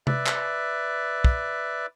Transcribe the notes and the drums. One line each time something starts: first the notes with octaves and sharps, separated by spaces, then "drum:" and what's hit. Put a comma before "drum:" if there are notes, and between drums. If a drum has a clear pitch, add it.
B4 D5 E5, drum: tom C3
drum: clap
drum: kick